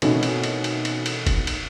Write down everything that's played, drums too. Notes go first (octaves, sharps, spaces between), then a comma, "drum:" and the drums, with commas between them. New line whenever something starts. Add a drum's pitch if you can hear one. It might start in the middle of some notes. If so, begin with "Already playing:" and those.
B2 D#3 E3 A3 C4 C#4, drum: cymbal
drum: cymbal
drum: cymbal
drum: cymbal
drum: cymbal
drum: cymbal
drum: kick, cymbal
drum: cymbal